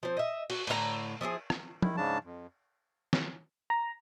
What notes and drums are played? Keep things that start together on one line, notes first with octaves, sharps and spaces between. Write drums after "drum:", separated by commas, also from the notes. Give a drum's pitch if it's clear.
F3 C4
D#5 E5
F#4, drum: cymbal
A2 D3 E4 A#5, drum: cymbal
F3 E4 F#4 G#4
drum: rim click
D#3 E4, drum: tom F3
G#2 C#3 D4 A5
F2
drum: snare
A#5